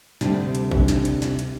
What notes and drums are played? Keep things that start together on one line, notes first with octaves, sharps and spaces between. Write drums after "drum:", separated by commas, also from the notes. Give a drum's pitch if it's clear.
D2 C3 G3 D4, drum: snare
drum: hi-hat
drum: kick A1
drum: snare
drum: hi-hat
drum: snare
drum: hi-hat